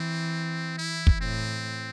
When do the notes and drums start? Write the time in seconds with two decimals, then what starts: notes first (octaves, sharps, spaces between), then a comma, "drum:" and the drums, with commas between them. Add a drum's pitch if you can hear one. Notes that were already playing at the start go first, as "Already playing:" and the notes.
Already playing: E3 C4
0.78 E4
1.07 drum: kick
1.21 A2 C4